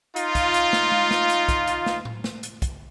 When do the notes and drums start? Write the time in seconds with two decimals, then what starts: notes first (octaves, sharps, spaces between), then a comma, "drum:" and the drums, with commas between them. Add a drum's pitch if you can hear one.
0.16 D#4 F4, drum: hi-hat
0.35 drum: kick, hi-hat
0.54 drum: hi-hat
0.73 drum: snare
0.92 drum: tom G#3
1.11 drum: snare
1.30 drum: hi-hat
1.49 drum: kick, hi-hat
1.67 drum: hi-hat
1.86 drum: snare
2.05 drum: tom A2
2.24 drum: snare
2.43 drum: hi-hat
2.62 drum: kick, hi-hat